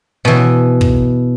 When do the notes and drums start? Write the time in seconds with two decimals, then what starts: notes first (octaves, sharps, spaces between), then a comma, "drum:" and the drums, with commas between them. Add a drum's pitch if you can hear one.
0.25 B2 E3
0.81 drum: kick